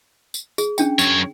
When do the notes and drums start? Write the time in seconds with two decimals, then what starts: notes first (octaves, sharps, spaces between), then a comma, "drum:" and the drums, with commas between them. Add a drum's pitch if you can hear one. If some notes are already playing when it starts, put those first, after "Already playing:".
0.34 drum: tambourine
0.58 G#4, drum: tambourine
0.78 C#4 D4 G5, drum: tambourine
0.99 F#2 C#5, drum: tambourine